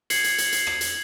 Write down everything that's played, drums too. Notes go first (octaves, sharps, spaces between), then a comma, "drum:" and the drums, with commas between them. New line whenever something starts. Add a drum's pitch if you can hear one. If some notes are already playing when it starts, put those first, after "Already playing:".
G#6 C7 C#7 F#7, drum: hi-hat
drum: hi-hat
drum: hi-hat
drum: hi-hat
drum: rim click
drum: hi-hat